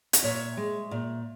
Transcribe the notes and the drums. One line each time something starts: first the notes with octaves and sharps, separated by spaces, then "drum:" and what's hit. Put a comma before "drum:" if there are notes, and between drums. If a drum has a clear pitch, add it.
D#5, drum: hi-hat
A#2 C#5 E5
G#3
A#2